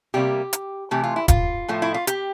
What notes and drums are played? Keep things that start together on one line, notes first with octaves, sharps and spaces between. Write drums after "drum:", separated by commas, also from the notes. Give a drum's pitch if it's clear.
C3 G3 A#3 G4
drum: hi-hat
C3 E3 A3 G4
F4
E4
F4, drum: kick, hi-hat
A2 F3 A3
E4
F4
G4, drum: hi-hat